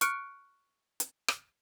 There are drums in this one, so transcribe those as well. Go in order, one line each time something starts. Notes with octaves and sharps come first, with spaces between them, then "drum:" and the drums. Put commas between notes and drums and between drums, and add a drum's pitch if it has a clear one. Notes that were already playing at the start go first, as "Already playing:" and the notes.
C#6 F6 F#6 C#7 D7, drum: hi-hat
drum: hi-hat
drum: rim click